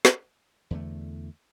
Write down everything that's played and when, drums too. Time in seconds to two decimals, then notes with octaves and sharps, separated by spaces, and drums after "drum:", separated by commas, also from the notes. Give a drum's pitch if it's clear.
0.05 drum: snare
0.71 E2 D3 A3